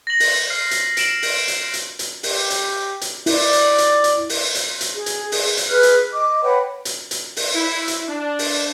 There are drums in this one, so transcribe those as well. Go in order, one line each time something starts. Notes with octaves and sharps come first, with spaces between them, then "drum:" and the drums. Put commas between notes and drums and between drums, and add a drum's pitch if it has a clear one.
A#6 F#7
drum: open hi-hat
F6 C7
drum: hi-hat
C7 D7 E7 F#7, drum: hi-hat
drum: open hi-hat
drum: hi-hat
drum: hi-hat
drum: hi-hat
G4, drum: open hi-hat
drum: hi-hat
drum: hi-hat
E4 D5, drum: open hi-hat
drum: hi-hat
drum: hi-hat
drum: hi-hat
drum: open hi-hat
drum: hi-hat
drum: hi-hat
G#4
drum: hi-hat
drum: open hi-hat
drum: hi-hat
G#4 B4 F6 F#6
drum: hi-hat
D#5 D6
B4 C#5 F#5 G5
drum: hi-hat
drum: hi-hat
drum: open hi-hat
E4
drum: hi-hat
D4
drum: open hi-hat